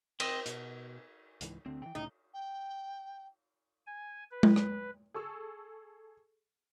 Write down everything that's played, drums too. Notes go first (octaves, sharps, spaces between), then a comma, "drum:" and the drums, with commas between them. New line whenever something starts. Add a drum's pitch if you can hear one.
C4 D#5, drum: cymbal
B2, drum: hi-hat
C#2 G#2 E3, drum: hi-hat
D2 D3 C4
C#3 E3 G5
C2 A2 C#3 D#4
G5
G#5
B4
drum: tom G#3
drum: rim click
G#4 A4 C#6 E6